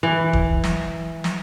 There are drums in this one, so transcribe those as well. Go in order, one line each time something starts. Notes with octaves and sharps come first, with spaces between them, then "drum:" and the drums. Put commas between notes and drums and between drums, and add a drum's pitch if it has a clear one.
E3
drum: kick
drum: snare
drum: snare